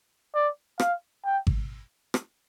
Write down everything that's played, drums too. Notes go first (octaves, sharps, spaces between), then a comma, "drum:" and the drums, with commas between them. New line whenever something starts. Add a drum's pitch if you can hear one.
D5
F5, drum: rim click
G5
drum: kick G#1
drum: rim click